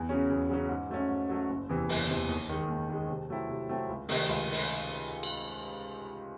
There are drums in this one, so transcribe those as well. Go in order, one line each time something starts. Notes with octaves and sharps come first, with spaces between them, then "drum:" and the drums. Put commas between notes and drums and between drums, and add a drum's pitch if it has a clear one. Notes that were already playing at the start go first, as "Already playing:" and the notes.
Already playing: E2
C#3 F#3 C#4
E2
C#3 F#3 C#4
G#2
F#3 A3 C#4
G#2
F#3 A3 C#4
F#1
E2 C3 E3
F#1, drum: open hi-hat
E2 C3 E3
D#2
D#3 G#3
D#2
D#3 G#3
C3
F#3 A3 C4 E4
C3
F#3 A3 C4 E4
C#2
C3 D#3 A3 D#4, drum: open hi-hat
C#2
drum: open hi-hat
drum: cymbal